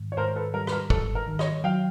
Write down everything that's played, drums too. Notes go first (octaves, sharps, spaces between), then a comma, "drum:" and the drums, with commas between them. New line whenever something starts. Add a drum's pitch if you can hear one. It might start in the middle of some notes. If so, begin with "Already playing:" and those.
Already playing: G#2 D#3
C#5
G#2 A#4 C5
A4 B4
G3 A#4
B4, drum: rim click
A#4
G#2 A4, drum: kick
A#4
D#3
C#5 D#5, drum: rim click
F#3 F5 G5